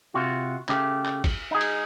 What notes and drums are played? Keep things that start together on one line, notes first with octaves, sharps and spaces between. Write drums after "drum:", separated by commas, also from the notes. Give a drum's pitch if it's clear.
C3 F4 F#4
C#3 A3 G4, drum: clap
drum: clap
drum: kick G#1, cymbal
D#4 G#4
drum: cymbal